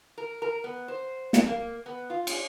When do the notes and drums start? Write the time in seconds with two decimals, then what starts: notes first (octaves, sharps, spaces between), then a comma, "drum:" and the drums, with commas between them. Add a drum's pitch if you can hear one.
0.18 A#4
0.42 A#4
0.64 B3
0.88 C5
1.33 drum: snare
1.46 A#3
1.86 B3
2.10 F4
2.27 drum: cymbal